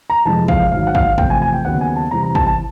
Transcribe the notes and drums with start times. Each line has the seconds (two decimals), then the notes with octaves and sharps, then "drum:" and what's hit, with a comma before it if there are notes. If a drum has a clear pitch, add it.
0.10 A#5
0.25 F2 C3 E3 G#3 A5
0.48 F5, drum: kick
0.71 G#2 D#3 F#3 F5
0.87 F#5
0.95 F5, drum: kick
1.18 E2 C3 F3 A3 G5, drum: kick
1.30 G#5
1.42 G#5
1.54 G5
1.65 D#2 C#3 F#3 B3 F#5
1.81 G#5
1.96 A5
2.11 E2 C3 E3 G3 A#5
2.23 A#5
2.35 A5, drum: kick
2.47 A5